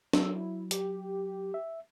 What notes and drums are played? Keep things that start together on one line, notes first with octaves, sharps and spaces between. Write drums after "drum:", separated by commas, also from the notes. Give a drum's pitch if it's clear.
F#3 E6, drum: snare D4
E4
G4, drum: hi-hat
E5